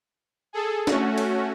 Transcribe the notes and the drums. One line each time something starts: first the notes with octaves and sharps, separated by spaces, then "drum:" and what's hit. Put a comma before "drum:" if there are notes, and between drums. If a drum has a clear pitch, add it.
G#4 A4
A3 C#4 F#4, drum: snare
drum: cymbal